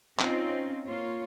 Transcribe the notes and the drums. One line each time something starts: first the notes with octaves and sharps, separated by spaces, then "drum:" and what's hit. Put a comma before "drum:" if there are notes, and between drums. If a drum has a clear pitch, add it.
C4 C#4 D#4 F4, drum: clap
A#3 F4 C#5